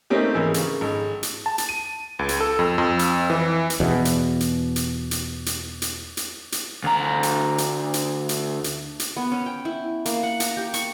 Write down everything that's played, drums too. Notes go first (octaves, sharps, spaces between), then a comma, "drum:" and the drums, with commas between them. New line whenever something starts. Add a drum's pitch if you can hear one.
A3 A#3 C4 C#4 D#4 G4
G#1 E3 A#3
C#3, drum: hi-hat
G#1
drum: hi-hat
A5
drum: hi-hat
D#7
C#2
drum: hi-hat
A4
F2
F2
drum: hi-hat
E3
drum: hi-hat
E2 B2
drum: hi-hat
drum: hi-hat
drum: hi-hat
drum: hi-hat
drum: hi-hat
drum: hi-hat
drum: hi-hat
drum: hi-hat
D2 A#5
drum: hi-hat
drum: hi-hat
drum: hi-hat
drum: hi-hat
drum: hi-hat
drum: hi-hat
B3
C#4
G5
E4
A#3, drum: hi-hat
F#5
A#5, drum: hi-hat
G4
C#6, drum: hi-hat